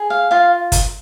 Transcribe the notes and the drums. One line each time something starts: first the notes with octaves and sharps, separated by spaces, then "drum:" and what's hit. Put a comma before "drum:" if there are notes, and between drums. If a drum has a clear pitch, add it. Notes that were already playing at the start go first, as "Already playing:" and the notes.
Already playing: G#4
F5
F4 F5
drum: kick, hi-hat